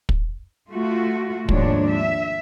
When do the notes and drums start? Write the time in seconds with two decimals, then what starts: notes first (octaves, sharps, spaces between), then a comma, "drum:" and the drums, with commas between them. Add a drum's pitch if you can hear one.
0.09 drum: kick
0.72 A3 F4 F#4
1.49 D#2 G#2 F3 G#3 D4 C#5, drum: kick
1.90 E5